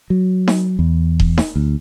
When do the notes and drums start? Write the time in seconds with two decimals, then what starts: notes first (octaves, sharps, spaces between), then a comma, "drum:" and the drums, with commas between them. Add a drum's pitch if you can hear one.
0.10 F#3
0.48 drum: snare D#4
0.79 E2
1.20 drum: kick D#1
1.38 drum: snare D#4
1.56 D2